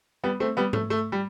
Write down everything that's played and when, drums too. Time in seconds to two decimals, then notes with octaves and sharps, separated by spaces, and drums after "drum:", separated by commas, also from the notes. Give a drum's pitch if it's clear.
0.24 G3 B3
0.40 A3 C4
0.57 G3 B3
0.73 A3, drum: tom G#2
0.90 A3
1.12 G3